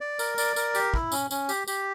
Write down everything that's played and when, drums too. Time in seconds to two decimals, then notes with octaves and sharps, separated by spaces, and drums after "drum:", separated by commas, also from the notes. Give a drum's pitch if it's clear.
0.01 D5
0.19 A#4, drum: tambourine
0.38 D5, drum: tambourine
0.56 A#4, drum: tambourine
0.75 G4, drum: tambourine
0.94 E4, drum: kick
1.12 C#4, drum: tambourine
1.31 C#4, drum: tambourine
1.49 G4, drum: tambourine
1.68 G4, drum: tambourine